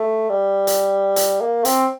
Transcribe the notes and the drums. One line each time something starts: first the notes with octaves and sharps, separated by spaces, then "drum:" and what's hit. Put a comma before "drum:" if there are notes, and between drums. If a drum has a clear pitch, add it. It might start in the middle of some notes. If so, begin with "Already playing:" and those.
Already playing: A3
G3
drum: hi-hat
drum: hi-hat
A#3
C4, drum: hi-hat